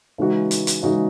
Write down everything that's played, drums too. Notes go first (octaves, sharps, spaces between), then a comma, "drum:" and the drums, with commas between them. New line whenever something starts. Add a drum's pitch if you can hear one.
C#3 E3 G#3 D#4 F#4
drum: hi-hat
drum: hi-hat
C#3 E3 G#3 D#4 F#4